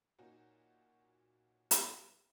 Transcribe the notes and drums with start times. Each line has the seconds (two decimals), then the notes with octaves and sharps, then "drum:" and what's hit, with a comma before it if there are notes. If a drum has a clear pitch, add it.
0.19 A#2 A#3 C#4 D#4 F#4
1.71 drum: hi-hat